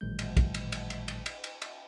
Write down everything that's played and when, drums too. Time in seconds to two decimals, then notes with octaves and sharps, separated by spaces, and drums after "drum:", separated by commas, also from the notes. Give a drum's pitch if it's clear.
0.01 A1 A#2 D#3 F#3 G#3 G6
0.19 drum: cymbal
0.37 drum: kick, cymbal
0.54 drum: cymbal
0.72 drum: cymbal
0.90 drum: cymbal
1.08 drum: cymbal
1.26 drum: cymbal
1.44 drum: cymbal
1.62 drum: cymbal